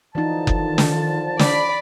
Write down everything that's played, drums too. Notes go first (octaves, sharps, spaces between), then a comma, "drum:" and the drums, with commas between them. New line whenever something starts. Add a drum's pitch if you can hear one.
D3 E3 F3 D#4 A5
drum: kick F#1
D#3
drum: snare
D5 B5, drum: snare